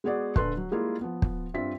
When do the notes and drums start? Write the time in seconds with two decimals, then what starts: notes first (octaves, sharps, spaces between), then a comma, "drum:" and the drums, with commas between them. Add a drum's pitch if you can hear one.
0.04 G#3 B3 F#4 G#4 D5 F#5
0.36 A#1 D3 A4 B4 C6 F#6, drum: kick
0.57 F#3
0.71 G3 G#3 A#3 E4 F4 G#4
1.01 F3 B3
1.22 drum: kick
1.54 G2 C4 F4 E5 B6